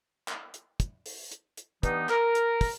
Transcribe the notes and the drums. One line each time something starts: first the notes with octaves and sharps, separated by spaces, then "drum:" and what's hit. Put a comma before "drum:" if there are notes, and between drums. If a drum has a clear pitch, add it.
drum: clap
drum: hi-hat
drum: kick, hi-hat
drum: open hi-hat
drum: hi-hat
drum: hi-hat
G2 E3 B3 D#4, drum: kick, hi-hat
A#4, drum: clap
drum: hi-hat
drum: kick, open hi-hat